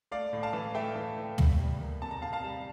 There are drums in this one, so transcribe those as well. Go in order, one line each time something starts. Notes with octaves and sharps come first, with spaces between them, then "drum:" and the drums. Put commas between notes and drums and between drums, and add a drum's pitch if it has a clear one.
A3 D5 F5
A2
F5 A5
E3
A3 E5 G5
E3
A2
E2, drum: tom
G3
A#3
C3 A5
A#5
C3 F5 A5
F5 A5
G3